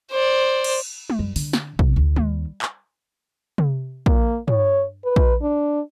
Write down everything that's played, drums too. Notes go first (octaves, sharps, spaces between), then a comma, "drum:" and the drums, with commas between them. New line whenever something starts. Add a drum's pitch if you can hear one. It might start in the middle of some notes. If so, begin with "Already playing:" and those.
C5 D5
drum: cymbal
drum: tom
F#2
D3, drum: open hi-hat
drum: snare
C3, drum: kick
D2
D#2, drum: tom
drum: clap
drum: tom C3
A#3, drum: kick
C#5, drum: tom
B4
drum: kick
D4